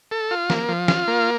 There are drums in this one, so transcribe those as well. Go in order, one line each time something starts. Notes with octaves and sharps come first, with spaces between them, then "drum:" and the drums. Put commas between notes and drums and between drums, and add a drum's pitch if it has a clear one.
A4
F4
A#3, drum: snare
F3
F4, drum: snare
A#3